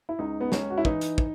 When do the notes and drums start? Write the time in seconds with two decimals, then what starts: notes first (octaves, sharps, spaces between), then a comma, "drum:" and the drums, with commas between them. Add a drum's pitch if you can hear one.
0.09 E4
0.19 C#2 D#4
0.41 B3
0.52 C#2 C#4, drum: snare
0.70 F#4
0.78 E4
0.85 E3 D#4, drum: kick
1.01 drum: hi-hat
1.18 drum: kick